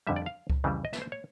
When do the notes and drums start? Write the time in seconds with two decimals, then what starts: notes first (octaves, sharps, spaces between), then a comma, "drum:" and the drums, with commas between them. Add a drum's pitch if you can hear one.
0.07 F2 D3 G3 E5
0.16 D5
0.26 F5
0.50 drum: kick C#2
0.64 F2 C#3 E3 G3
0.85 D#5
0.93 E5, drum: snare
1.02 C5
1.12 C#5